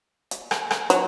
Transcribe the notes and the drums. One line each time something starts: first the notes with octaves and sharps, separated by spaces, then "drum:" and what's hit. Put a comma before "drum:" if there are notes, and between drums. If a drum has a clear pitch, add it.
drum: hi-hat
drum: rim click
drum: rim click
F#3, drum: hi-hat